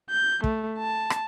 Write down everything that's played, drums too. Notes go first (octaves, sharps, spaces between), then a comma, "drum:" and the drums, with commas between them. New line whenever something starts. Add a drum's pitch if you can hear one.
G6
A3, drum: kick
A5
drum: rim click